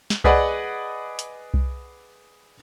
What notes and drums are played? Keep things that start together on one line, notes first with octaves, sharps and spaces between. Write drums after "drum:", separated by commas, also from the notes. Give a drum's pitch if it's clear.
drum: snare
G#4 B4 D5 D#5 F#5, drum: kick C2
drum: hi-hat
drum: kick C2